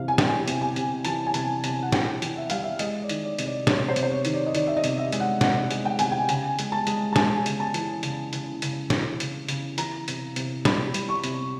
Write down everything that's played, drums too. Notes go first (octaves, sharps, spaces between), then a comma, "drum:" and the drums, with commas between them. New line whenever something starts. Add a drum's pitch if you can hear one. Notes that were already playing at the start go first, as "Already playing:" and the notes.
Already playing: C3 E3 F5
G#5
G3 G5, drum: snare
C3, drum: hi-hat
G#5
C3, drum: hi-hat
E3 A5, drum: hi-hat
G#5
C3 A5, drum: hi-hat
C3 A5, drum: hi-hat
F#5
C3 G5, drum: snare
E3, drum: hi-hat
E5
G3 F5, drum: hi-hat
E5
G#3 D#5, drum: hi-hat
D5
D#3, drum: hi-hat
D5
C3, drum: hi-hat
D5
C3 C#5, drum: snare
C5
C3, drum: hi-hat
C5
C#5
D#3, drum: hi-hat
D5
D#5
D#3 D5, drum: hi-hat
E5
D#5
C3, drum: hi-hat
E5
G#3, drum: hi-hat
F#5
C3 F#5, drum: snare
G#3, drum: hi-hat
G5
C3 G#5, drum: hi-hat
G5
C#3 G#5, drum: hi-hat
G#3, drum: hi-hat
A5
G#3, drum: hi-hat
A5
G#3 G#5, drum: snare
C#3, drum: hi-hat
A5
E3, drum: hi-hat
C#3, drum: hi-hat
C#3, drum: hi-hat
C#3, drum: hi-hat
E3, drum: snare
C#3, drum: hi-hat
C#3, drum: hi-hat
E3 A#5, drum: hi-hat
C3, drum: hi-hat
C3, drum: hi-hat
G3 B5, drum: snare
G3, drum: hi-hat
C#6
C3, drum: hi-hat